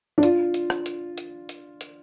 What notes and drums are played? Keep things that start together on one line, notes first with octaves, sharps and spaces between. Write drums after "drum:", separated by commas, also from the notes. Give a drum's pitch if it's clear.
D4
F4, drum: hi-hat
drum: hi-hat
drum: rim click
drum: hi-hat
drum: hi-hat
drum: hi-hat
drum: hi-hat